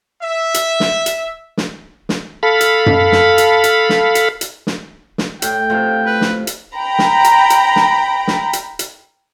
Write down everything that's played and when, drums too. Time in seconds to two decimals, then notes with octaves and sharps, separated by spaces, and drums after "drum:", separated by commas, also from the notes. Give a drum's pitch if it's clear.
0.22 E5
0.54 drum: hi-hat
0.80 drum: snare
1.06 drum: hi-hat
1.57 drum: snare
2.09 drum: snare
2.43 A4 F5 B5
2.61 drum: hi-hat
2.86 drum: tom F#2
3.12 drum: snare
3.38 drum: hi-hat
3.64 drum: hi-hat
3.89 drum: snare
4.15 drum: hi-hat
4.41 drum: hi-hat
4.67 drum: snare
5.18 drum: snare
5.42 A2 G5, drum: hi-hat
5.70 C3 F3 A3 F4
6.06 B4
6.21 drum: snare
6.47 drum: hi-hat
6.77 G5 A#5 B5
6.99 drum: snare
7.24 drum: hi-hat
7.50 drum: hi-hat
7.76 drum: snare
8.28 drum: snare
8.53 drum: hi-hat
8.79 drum: hi-hat